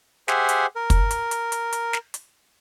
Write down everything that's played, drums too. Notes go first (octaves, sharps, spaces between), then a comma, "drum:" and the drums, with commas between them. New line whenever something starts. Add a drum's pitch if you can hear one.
G4 G#4 C5 E5 F#5 G#5, drum: snare
drum: hi-hat
A#4
drum: kick, hi-hat
drum: hi-hat
drum: hi-hat
drum: hi-hat
drum: hi-hat
drum: snare
drum: hi-hat